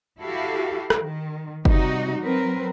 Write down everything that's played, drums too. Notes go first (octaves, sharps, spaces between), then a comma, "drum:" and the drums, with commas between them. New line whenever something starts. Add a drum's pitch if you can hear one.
E4 F#4 G4 A4 F5
drum: rim click
D#3
C3 G3 D#4 F#4, drum: kick F#1
F#3 C4 A#4 B4